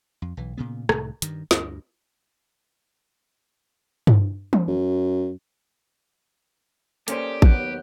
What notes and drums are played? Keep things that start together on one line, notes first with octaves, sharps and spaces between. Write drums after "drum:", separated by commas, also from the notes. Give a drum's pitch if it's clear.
F2
B1 E3
A#2 C#3 B3
C2 A2 C3 D#3, drum: rim click
G2 D#3, drum: hi-hat
D2 G2, drum: snare
drum: tom G2
drum: tom E3
F#2
A#3 C#4 G4 A4 C5 D5, drum: hi-hat
D#2 F#3 B3 C#5 F#6 G6, drum: kick A1